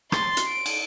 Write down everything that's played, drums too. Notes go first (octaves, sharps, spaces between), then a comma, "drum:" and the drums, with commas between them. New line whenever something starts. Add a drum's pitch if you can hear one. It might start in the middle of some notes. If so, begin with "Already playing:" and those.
C6 A6, drum: rim click
drum: hi-hat
D7
drum: cymbal